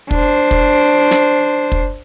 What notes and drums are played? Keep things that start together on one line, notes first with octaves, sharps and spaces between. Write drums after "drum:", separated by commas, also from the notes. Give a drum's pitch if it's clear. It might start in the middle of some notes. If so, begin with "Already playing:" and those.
D4 C5, drum: kick
drum: kick
drum: snare
drum: kick